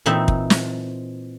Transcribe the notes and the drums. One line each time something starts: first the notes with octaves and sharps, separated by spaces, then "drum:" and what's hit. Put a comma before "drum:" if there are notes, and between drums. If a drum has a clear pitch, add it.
A#2 E3 C4 D#4 E5
drum: kick
drum: snare